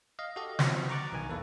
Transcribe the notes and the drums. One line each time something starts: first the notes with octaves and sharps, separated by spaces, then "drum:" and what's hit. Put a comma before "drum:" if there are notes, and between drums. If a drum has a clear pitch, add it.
D#5 F5
F#4 G4 A4 D#5
F3 F#3 B3 C4 F#4, drum: snare
A#5 C#6 D6 F#6 A6
B1 D#3 G#5
E2 A#3 A4 B4